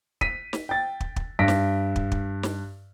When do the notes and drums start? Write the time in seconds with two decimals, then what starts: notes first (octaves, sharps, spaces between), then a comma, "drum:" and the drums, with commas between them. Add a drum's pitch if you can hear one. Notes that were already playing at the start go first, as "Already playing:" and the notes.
0.21 B6 D#7, drum: kick
0.53 drum: snare
0.69 G5 A6
1.00 drum: kick
1.16 drum: kick
1.39 G2 A#6 B6 D7
1.48 drum: snare
1.96 drum: kick
2.12 drum: kick
2.43 drum: snare